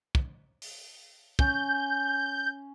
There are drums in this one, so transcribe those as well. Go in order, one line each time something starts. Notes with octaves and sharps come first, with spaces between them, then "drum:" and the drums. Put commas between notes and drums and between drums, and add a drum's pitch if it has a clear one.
drum: kick
drum: open hi-hat
C#4 G6, drum: kick